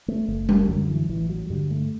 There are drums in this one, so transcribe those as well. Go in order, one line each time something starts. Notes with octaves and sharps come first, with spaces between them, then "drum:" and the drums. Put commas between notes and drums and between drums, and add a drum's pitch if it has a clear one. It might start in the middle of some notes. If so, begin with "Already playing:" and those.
A3
F#1 A3
G3, drum: tom G3
G3
F#2 D3 F#3
E3
A1 E3
F#3
G2 D3 G3
A3